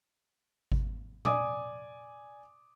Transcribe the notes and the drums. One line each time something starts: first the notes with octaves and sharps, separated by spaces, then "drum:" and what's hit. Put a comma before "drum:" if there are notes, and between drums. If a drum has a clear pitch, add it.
drum: kick G#1
D5 G#5 D6 D#6, drum: tom A#2